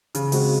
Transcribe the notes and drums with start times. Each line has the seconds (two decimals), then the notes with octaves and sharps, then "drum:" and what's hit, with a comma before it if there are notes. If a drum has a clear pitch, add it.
0.15 C#3, drum: hi-hat
0.32 G#3 C4 F#4, drum: open hi-hat